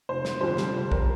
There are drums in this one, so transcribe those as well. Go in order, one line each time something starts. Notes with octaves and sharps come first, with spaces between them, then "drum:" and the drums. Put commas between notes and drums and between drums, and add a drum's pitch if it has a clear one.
F1 C5
drum: snare
F2 D3 G3 C5
drum: snare
F1
A#4, drum: kick A#1